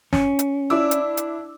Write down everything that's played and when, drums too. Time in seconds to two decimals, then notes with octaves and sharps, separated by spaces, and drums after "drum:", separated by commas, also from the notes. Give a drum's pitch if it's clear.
0.13 C#4, drum: snare
0.39 drum: hi-hat
0.70 D4 E4 D6 E6
0.91 drum: hi-hat
1.17 drum: hi-hat